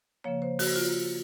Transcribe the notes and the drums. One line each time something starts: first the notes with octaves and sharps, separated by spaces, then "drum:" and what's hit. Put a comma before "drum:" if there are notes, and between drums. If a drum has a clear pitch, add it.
C#3 F3 A#3 C#5
C5
F#4, drum: open hi-hat
F4